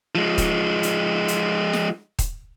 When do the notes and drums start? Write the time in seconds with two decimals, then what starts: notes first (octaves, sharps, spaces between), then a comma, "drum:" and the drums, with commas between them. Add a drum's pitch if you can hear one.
0.15 F3 G#3
0.38 drum: kick D#1, hi-hat
0.83 drum: hi-hat
1.28 drum: hi-hat
1.73 drum: snare
2.19 drum: kick D#1, hi-hat